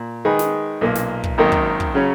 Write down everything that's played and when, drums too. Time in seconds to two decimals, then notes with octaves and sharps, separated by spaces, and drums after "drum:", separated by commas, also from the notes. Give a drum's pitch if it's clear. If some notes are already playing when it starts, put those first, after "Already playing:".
Already playing: A#2
0.25 D#3 G#3 D#4 G#4 B4
0.39 drum: snare
0.81 B1 A#2 A#3
0.95 drum: snare
1.24 drum: kick
1.38 G#1 F#2 D#3 A#3
1.52 drum: kick
1.80 drum: kick
1.95 C#3 F#3 C#4